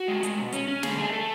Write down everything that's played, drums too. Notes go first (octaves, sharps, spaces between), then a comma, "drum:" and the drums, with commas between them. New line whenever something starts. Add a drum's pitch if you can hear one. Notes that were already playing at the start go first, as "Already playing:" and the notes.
Already playing: F#4
G#3
G#3, drum: hi-hat
B2
C#4, drum: hi-hat
C#4
D3 G#4, drum: snare
A3 G#4
A3 A4